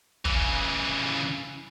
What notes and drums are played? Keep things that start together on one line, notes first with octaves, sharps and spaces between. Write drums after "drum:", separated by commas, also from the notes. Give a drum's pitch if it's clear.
C#3 E3, drum: kick